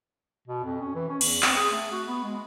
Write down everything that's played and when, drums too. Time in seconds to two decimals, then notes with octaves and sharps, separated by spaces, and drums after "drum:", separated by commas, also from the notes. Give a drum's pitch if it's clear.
0.48 B2
0.64 F2
0.81 C#4
0.95 E3
1.09 C#4
1.21 E2, drum: cymbal
1.42 C4, drum: clap
1.56 G#4
1.71 A3
1.92 F#4
2.07 B3
2.24 G#3